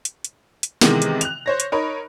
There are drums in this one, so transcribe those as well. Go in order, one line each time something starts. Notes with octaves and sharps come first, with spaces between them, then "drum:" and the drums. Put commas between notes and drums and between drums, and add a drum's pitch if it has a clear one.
drum: hi-hat
drum: hi-hat
drum: hi-hat
C3 D#3 E3 G#3 B3, drum: snare
drum: hi-hat
F#6 F7, drum: hi-hat
C5 C#5 A#6
drum: hi-hat
D#4 A#4 C#5 B5